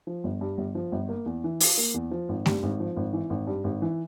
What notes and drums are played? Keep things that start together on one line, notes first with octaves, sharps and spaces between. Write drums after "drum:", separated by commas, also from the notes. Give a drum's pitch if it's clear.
F3
G1
G2
G1
F3
G1
A#3
E2
E3
F4, drum: open hi-hat
A#3
E2
F3
G#1
G2, drum: snare A3
G#1
F3
G#1
E3
G#1
G2
G#1
E3